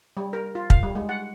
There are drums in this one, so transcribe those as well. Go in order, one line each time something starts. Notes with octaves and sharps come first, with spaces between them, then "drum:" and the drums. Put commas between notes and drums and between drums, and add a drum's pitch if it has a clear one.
G3
A#4
F4
F5, drum: kick
G3
G#3
F#5